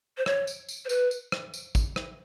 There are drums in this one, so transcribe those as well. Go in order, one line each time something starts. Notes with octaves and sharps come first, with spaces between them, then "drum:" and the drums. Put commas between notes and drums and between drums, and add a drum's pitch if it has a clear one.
C5
C#5, drum: rim click
drum: tambourine
drum: tambourine
C5
B4, drum: tambourine
drum: tambourine
drum: rim click
drum: tambourine
drum: kick, tambourine
drum: rim click